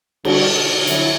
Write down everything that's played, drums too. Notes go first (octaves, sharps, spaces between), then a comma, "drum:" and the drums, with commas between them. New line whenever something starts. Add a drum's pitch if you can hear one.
D3 G3 D4 F#4, drum: cymbal
D3 F#3 E4, drum: hi-hat